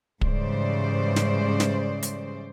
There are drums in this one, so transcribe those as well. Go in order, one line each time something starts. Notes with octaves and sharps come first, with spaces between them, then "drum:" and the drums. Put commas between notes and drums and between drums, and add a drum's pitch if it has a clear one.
G#2 C#3 E3 G3 C5 D5, drum: kick
drum: snare
drum: snare
drum: hi-hat